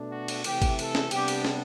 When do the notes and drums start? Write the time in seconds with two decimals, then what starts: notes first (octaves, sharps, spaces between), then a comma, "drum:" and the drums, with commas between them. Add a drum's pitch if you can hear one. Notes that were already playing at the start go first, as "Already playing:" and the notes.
Already playing: B2 A3 D4
0.12 F#4
0.28 drum: cymbal
0.44 C3 E3 A3 G4, drum: cymbal
0.62 drum: kick G#1, cymbal
0.79 A4, drum: cymbal
0.95 drum: snare
1.11 C3 G3 B3 D4 G4, drum: cymbal
1.28 drum: cymbal
1.45 drum: snare